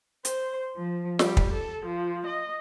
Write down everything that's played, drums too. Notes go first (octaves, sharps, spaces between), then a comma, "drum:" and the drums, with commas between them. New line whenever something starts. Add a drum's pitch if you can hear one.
C5, drum: hi-hat
F3
G3, drum: snare
drum: kick
A4
F3
D#5